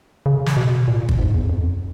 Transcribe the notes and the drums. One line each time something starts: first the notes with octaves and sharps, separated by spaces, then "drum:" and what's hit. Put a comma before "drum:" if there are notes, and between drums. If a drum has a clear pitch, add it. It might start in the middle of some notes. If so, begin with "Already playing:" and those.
C#3
drum: snare
B2
A#2
drum: kick
G#2
E2
F2